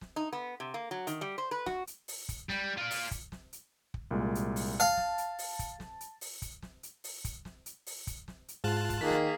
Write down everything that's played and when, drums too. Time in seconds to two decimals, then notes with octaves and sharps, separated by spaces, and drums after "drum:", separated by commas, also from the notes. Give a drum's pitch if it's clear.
0.01 drum: snare
0.16 D#4
0.33 B3
0.60 C3
0.74 A#3
0.91 F#3
1.07 D#3, drum: hi-hat
1.21 G3
1.38 C5
1.51 B4
1.66 F#4, drum: snare
1.87 drum: hi-hat
2.08 drum: open hi-hat
2.29 drum: kick, hi-hat
2.49 G3, drum: snare
2.78 F4 D5
2.91 drum: open hi-hat
3.11 drum: kick, hi-hat
3.32 drum: snare
3.53 drum: hi-hat
3.94 drum: kick
4.11 C2 A#2 G#3
4.35 drum: hi-hat
4.56 drum: open hi-hat
4.80 F5 A5
4.97 drum: snare
5.18 drum: hi-hat
5.39 drum: open hi-hat
5.59 drum: kick, hi-hat
5.80 drum: snare
6.01 drum: hi-hat
6.21 drum: open hi-hat
6.42 drum: kick, hi-hat
6.63 drum: snare
6.83 drum: hi-hat
7.04 drum: open hi-hat
7.24 drum: kick, hi-hat
7.45 drum: snare
7.66 drum: hi-hat
7.86 drum: open hi-hat
8.07 drum: kick, hi-hat
8.28 drum: snare
8.48 drum: hi-hat
8.64 G#2 F4 A5 F#6
8.90 drum: kick, hi-hat
9.01 D#3 A#3 G#4 B6
9.10 drum: snare